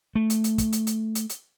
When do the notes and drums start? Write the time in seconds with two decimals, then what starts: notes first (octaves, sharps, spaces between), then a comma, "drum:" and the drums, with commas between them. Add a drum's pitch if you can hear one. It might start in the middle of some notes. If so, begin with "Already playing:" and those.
0.15 A3
0.30 drum: hi-hat
0.44 drum: hi-hat
0.58 drum: kick, hi-hat
0.72 drum: hi-hat
0.87 drum: hi-hat
1.15 drum: hi-hat
1.29 drum: hi-hat